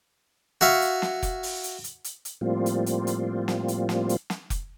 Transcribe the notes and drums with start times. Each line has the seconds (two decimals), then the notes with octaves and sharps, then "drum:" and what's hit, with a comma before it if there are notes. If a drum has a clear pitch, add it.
0.61 F#4 C#5 E5 F5, drum: snare
0.82 drum: hi-hat
1.02 drum: snare
1.23 drum: kick F1, hi-hat
1.43 drum: open hi-hat
1.63 drum: hi-hat
1.84 drum: hi-hat
2.04 drum: hi-hat
2.25 drum: hi-hat
2.41 A2 F3 G3 A#3 C4 F4
2.66 drum: hi-hat
2.86 drum: hi-hat
3.07 drum: hi-hat
3.48 drum: snare
3.68 drum: hi-hat
3.89 drum: snare
4.09 drum: hi-hat
4.30 drum: snare
4.50 drum: kick F1, hi-hat